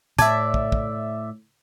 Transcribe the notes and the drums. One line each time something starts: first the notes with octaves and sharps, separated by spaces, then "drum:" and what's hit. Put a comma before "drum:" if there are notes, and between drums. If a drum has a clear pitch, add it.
A2 D5 E5 A5 G#6, drum: hi-hat
drum: kick
drum: kick